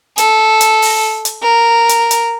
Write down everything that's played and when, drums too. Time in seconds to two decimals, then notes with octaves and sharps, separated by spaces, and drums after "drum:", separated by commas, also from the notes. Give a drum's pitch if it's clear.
0.18 A4, drum: hi-hat
0.61 drum: hi-hat
0.82 drum: open hi-hat
1.25 drum: hi-hat
1.43 A#4
1.89 drum: hi-hat
2.11 drum: hi-hat